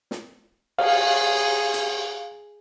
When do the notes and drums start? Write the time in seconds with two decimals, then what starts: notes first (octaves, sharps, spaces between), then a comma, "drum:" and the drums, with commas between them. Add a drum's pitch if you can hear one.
0.11 drum: snare
0.79 G#4 F5, drum: cymbal
1.74 drum: hi-hat